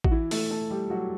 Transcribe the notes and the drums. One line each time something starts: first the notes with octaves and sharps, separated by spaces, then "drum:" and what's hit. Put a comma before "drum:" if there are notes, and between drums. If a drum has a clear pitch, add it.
F#4, drum: kick A1
E3 E4
A3 A4, drum: open hi-hat
A3 A4
G3 G4
F#3 F#4